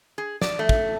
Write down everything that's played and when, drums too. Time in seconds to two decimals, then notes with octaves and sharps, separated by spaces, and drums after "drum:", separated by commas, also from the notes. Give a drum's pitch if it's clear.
0.18 G#4
0.42 D5, drum: snare
0.59 A3
0.69 drum: kick